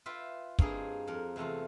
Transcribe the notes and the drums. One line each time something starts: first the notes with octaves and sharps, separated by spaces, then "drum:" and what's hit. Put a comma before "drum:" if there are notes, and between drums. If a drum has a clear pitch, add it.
F4 B4 E5 G5
G2 A#3 C4 D#4 G#4, drum: kick
F2 A#4
E2 C3 A3 F4